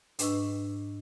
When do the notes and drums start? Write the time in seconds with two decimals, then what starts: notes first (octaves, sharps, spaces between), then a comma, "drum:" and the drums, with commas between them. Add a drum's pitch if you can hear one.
0.19 G#2 D4 B4 D#5 C#6 E6, drum: hi-hat